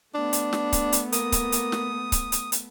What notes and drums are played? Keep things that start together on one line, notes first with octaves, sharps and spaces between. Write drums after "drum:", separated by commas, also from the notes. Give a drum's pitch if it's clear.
A3 B3 D4
drum: hi-hat
drum: snare
drum: kick C#1, hi-hat
drum: hi-hat
A#3 D#6, drum: hi-hat
drum: kick C#1, hi-hat
drum: hi-hat
drum: snare
drum: kick C#1, hi-hat
drum: hi-hat
drum: hi-hat